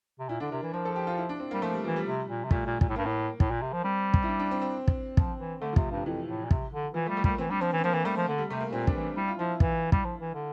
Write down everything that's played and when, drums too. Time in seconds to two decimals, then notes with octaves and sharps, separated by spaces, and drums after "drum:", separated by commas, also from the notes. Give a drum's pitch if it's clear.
0.19 C3
0.29 A#2 E4
0.40 D3 D4
0.52 C3 A#4
0.63 E3
0.73 F3 A#4
0.85 A4
0.96 G4
1.07 F4
1.18 E4
1.29 D4
1.40 C4
1.51 A#3
1.53 G3
1.62 F3 A3
1.74 G3
1.84 E3 F3
1.96 G3
2.07 C3
2.28 A#2
2.44 C3
2.51 A#2 A3, drum: kick
2.66 A#2
2.81 A#2, drum: kick
2.89 A2
2.96 G2 A#3
3.05 A2
3.40 A2, drum: kick
3.51 A#2
3.62 C3
3.73 F3
3.83 G3 C4
4.14 drum: kick
4.23 E4
4.28 D4
4.40 D4
4.51 C4
4.62 C4
4.88 drum: kick
5.17 F3, drum: kick
5.39 E3
5.61 D3 A3
5.73 F3
5.76 C3, drum: kick
5.91 G2 C3
6.06 F2 E3
6.28 A2
6.45 A#2
6.51 C3, drum: kick
6.72 D3
6.94 E3 F3
7.06 A3
7.09 G3
7.17 A3
7.24 G3 A#3, drum: kick
7.38 E3 C4
7.50 G3 D4
7.61 F3 C4
7.73 E3
7.78 C4
7.84 F3 A#3
7.94 E3
8.05 G3 A3
8.16 F3
8.28 D3
8.38 G3
8.49 C3 A3
8.60 A#3
8.72 A#2 C4
8.87 D4, drum: kick
8.94 E3
9.02 D4
9.16 G3 E4
9.28 F4
9.39 F3 E4
9.60 E3, drum: kick
9.92 G3, drum: kick
10.05 F3
10.20 E3
10.34 D3